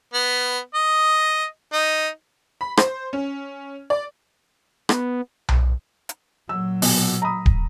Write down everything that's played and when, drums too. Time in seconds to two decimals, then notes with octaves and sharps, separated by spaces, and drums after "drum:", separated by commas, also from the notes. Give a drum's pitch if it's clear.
0.13 B3
0.75 D#5
1.73 D#4
2.61 B5
2.77 C5, drum: rim click
3.13 C#4
3.90 D5
4.89 B3, drum: rim click
5.49 drum: tom B1
6.09 drum: hi-hat
6.49 A#2 F#3 E6
6.82 B2, drum: open hi-hat
7.22 A#5 B5 D#6
7.46 drum: kick D1